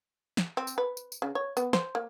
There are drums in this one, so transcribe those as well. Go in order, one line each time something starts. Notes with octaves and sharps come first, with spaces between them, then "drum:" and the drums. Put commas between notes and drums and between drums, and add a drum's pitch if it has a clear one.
drum: snare
C4
drum: tambourine
B4
drum: tambourine
drum: tambourine
C#3
C#5
B3, drum: tambourine
C5, drum: snare
A#3